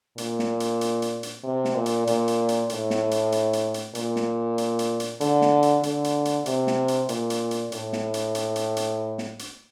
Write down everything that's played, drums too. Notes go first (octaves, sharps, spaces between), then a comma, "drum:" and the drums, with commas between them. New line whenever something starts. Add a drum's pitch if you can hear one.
A#2, drum: hi-hat
drum: snare
drum: hi-hat
drum: hi-hat
drum: hi-hat
drum: hi-hat
C3
drum: snare
A#2
drum: hi-hat
A#2, drum: hi-hat
drum: hi-hat
drum: hi-hat
A2, drum: hi-hat
drum: snare
drum: hi-hat
drum: hi-hat
drum: hi-hat
drum: hi-hat
A#2, drum: hi-hat
drum: snare
drum: hi-hat
drum: hi-hat
drum: hi-hat
D3, drum: hi-hat
drum: snare
drum: hi-hat
D3, drum: hi-hat
drum: hi-hat
drum: hi-hat
C3, drum: hi-hat
drum: snare
drum: hi-hat
A#2, drum: hi-hat
drum: hi-hat
drum: hi-hat
A2, drum: hi-hat
drum: snare
drum: hi-hat
drum: hi-hat
drum: hi-hat
drum: hi-hat
drum: snare
drum: hi-hat